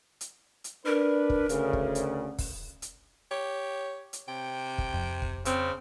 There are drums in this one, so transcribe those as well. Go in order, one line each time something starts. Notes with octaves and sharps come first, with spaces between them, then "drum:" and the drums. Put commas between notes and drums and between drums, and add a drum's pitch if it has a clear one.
drum: hi-hat
drum: hi-hat
D4 A#4 B4
drum: kick
D2 C#3, drum: hi-hat
drum: kick
drum: hi-hat
drum: kick, open hi-hat
drum: hi-hat
G4 C#5
drum: hi-hat
C3 G5
drum: kick
F2
drum: kick
C#3 C4, drum: hi-hat